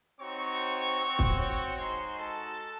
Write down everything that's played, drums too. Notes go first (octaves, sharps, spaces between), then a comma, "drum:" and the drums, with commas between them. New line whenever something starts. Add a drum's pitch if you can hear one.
C4 D#4 F#4 C#5 C#6
C4 F#4
drum: kick
C#5 C#6
G#3 D#4 F#4 C5 C6
A4 A5